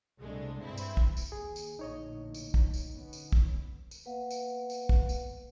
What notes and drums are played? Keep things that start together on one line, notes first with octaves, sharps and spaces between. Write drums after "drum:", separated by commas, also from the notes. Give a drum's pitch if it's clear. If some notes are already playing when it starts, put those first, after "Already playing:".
C2 G#3 A3 D4
G2 C4 E4
drum: tambourine
drum: kick
drum: tambourine
D#2 G#4
drum: tambourine
A#1 A2 D3 D#4 C#5 D#5
drum: tambourine
drum: kick
drum: tambourine
D3 B3 C#4
drum: tambourine
drum: kick
drum: tambourine
A#3 B3 B4 F5 F#5
drum: tambourine
drum: tambourine
drum: kick
drum: tambourine